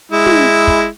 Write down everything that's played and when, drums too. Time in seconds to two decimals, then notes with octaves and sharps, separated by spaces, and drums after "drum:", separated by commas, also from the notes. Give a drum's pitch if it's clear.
0.12 G#3 E4
0.26 drum: tom
0.68 drum: kick